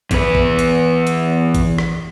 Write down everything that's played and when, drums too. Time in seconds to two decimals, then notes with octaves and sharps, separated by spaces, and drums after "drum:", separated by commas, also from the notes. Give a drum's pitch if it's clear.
0.11 E2 B4, drum: kick, hi-hat
0.35 drum: kick
0.59 drum: hi-hat
1.07 drum: hi-hat
1.55 drum: kick, hi-hat
1.78 drum: rim click